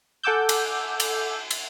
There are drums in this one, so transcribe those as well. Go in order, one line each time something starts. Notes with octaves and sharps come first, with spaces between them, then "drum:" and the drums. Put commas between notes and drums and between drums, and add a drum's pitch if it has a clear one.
A4 F#5 G#5 D6 E6 G6
drum: cymbal
drum: cymbal
drum: cymbal